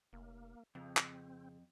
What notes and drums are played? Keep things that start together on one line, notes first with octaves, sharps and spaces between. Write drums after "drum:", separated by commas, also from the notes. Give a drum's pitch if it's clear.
F1 A#3
F2 C#3 C4
drum: clap